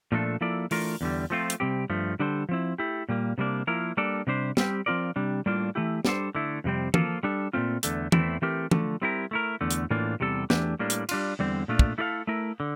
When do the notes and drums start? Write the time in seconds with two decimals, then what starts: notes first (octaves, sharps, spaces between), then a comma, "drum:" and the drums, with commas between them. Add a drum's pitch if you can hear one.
0.12 A#2 F3 A3 D4 A4
0.41 F3 A#3 E4 A4 D5
0.71 E3 A3 D4 F4 A#4, drum: open hi-hat
1.01 E2 D3 G3
1.30 F3 A3 C4 F4
1.50 drum: hi-hat
1.60 C3 G3 C4 G4
1.90 G2 F3 A3
2.19 D3 G3 D4 A4 C5
2.49 F3 C4 E4
2.78 A3 E4 G4
3.09 A#2 G3 A#3
3.38 C3 G3 A#3 D4
3.67 F3 A#3 E4 A#4
3.97 G3 A#3 D4 A4 D5
4.27 C3 G3 D4 G4 C5
4.57 G3 C4 G4, drum: snare
4.86 F3 C4 F4 A#4 D5
5.16 C3 G3 D4
5.46 A2 G3 A#3 D4 F4
5.75 E3 A3 E4 G4
6.05 G3 D4 A4 C5, drum: snare
6.35 D3 A3 E4
6.64 F2 C3 G3 C4
6.94 F3 A#3 F4 A4, drum: tom
7.23 G3 D4 A4
7.53 A#2 F3 A3 C4 F4
7.83 E2 D3 A3, drum: hi-hat
8.12 E2 E3 A3 C4 E4, drum: tom
8.42 E3 A3 C4 G4 A#4
8.71 D3 F3 A3, drum: tom
9.01 G3 C4 E4 G4 A#4
9.31 A3 E4 A#4
9.61 E2 D3 A3
9.71 drum: hi-hat
9.90 A2 E3 A#3 D4 F4
10.20 E2 C3 G3 D4 A4
10.50 E2 E3 A3 D4 G4, drum: snare
10.79 A2 G3 A#3 D4
10.90 drum: hi-hat
11.09 G3 D4 F4, drum: cymbal
11.39 E2 D3 G3 C4
11.68 A#2 A3 D4 F4
11.79 drum: kick
11.98 A3 E4 A4 D5 F5
12.27 A3 E4 A#4
12.60 D3